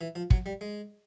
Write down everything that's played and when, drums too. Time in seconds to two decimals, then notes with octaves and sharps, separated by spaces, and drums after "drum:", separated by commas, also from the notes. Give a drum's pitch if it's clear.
0.01 E3
0.15 F3
0.30 F#3, drum: kick
0.46 G3
0.61 G#3